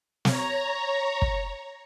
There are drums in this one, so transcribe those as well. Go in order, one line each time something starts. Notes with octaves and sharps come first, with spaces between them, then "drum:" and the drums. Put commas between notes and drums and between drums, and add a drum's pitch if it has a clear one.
C#5 A#5, drum: snare
drum: kick